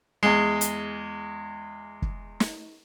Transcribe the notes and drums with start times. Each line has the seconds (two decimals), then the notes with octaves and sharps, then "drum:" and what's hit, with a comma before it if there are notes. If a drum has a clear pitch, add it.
0.23 E2 G#3
0.61 drum: hi-hat
2.02 drum: kick
2.40 drum: snare